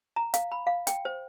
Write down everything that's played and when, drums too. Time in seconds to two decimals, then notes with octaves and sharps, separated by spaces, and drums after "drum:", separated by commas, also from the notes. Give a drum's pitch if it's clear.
0.16 A#5
0.34 F5, drum: hi-hat
0.52 B5
0.67 F5
0.87 G5, drum: hi-hat
1.05 C5